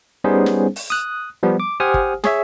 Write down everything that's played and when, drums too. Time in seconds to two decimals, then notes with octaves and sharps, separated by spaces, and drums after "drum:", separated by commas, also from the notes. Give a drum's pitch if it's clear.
0.24 G3 B3 C#4 D#4 G#4 C5
0.46 drum: snare
0.76 drum: open hi-hat
0.90 D#6 F#6
1.43 F3 G3 B3
1.60 D6
1.80 G4 C5 F#5 G#5 D#6 F6
1.94 drum: kick
2.24 G#4 C#5 E5, drum: snare